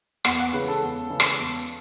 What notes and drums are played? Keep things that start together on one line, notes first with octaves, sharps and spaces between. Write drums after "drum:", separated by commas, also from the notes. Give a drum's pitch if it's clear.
E2 F#5, drum: rim click
F#5
C#3 E3 G#3 C#4 B4
A4
E2
C#3 E3 G#3 C#4
drum: rim click
E2